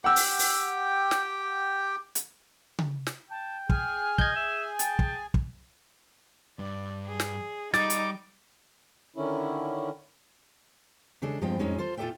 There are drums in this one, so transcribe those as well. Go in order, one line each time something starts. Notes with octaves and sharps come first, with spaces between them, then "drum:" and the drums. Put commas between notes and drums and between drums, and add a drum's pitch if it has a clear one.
G4 F#5 G5 E6
drum: open hi-hat
drum: open hi-hat
drum: snare
drum: hi-hat
drum: tom C#3
drum: snare
G5 A5
G#4 G#5 F6, drum: kick
D#5 G6 G#6, drum: kick
E5 E7
G5 A5, drum: hi-hat
drum: kick
drum: kick
G2 D5
G#4
drum: snare
G3 D#4 D6 A6, drum: snare
drum: hi-hat
D3 D#3 C#4 E4
C#3 G#3 D4 G#4 A4
G2 F3 G#3 B3 C4 G5
F2 A2 F#3 G#3 C#4 D#4
F4 A4 C5
A#2 F4 A4 D5 E5 G5